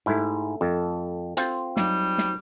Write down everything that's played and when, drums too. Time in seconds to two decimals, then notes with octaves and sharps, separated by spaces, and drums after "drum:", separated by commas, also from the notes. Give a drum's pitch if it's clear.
0.06 G#2 A3 E4 G4
0.61 F2 A4
1.37 C4 F4, drum: hi-hat
1.77 F#3 G3 D#4, drum: snare
2.18 drum: snare